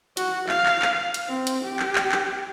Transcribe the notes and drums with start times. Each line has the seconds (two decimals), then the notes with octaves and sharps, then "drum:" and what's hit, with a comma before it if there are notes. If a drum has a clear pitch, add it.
0.17 F#4, drum: hi-hat
0.49 F5, drum: clap
0.66 drum: clap
0.82 drum: clap
1.14 drum: hi-hat
1.28 C4
1.47 drum: hi-hat
1.64 G4
1.79 drum: clap
1.95 drum: clap
2.12 drum: clap